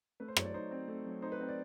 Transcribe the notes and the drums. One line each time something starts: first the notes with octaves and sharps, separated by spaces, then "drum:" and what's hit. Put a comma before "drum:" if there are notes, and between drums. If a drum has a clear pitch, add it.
A3 B4
C5
F#3 C#5, drum: rim click
D5
D#4 C5
C4
A3
F#3
D#4 C5
B4
C4
D5